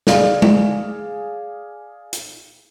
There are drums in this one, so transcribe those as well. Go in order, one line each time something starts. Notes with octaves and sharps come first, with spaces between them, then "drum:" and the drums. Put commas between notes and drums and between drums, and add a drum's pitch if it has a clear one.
G#4 D5 F5, drum: snare
drum: tom
drum: hi-hat